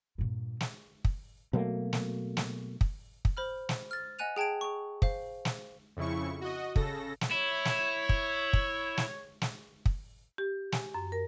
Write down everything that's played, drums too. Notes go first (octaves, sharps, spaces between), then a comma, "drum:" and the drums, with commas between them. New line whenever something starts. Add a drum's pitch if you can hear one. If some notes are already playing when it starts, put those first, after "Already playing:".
G2 A#2
drum: snare
drum: kick
B2 F#3 A3 A#3
drum: snare
drum: snare
drum: kick
drum: kick
C5 B5 F6
drum: snare
F6 A6
D#5 F#5 G#5 F#6 D#7 F7
G#4 G5 A5 G#6 D7
G#4 C#6
C5 F5, drum: kick
drum: snare
F2 C#3 E4 C#6
F#4 D#5
C#3 A4 A#6, drum: kick
drum: snare
E4 C#5
drum: snare
drum: kick
drum: kick
drum: snare
drum: snare
drum: kick
G4
G#5, drum: snare
F#2
A#4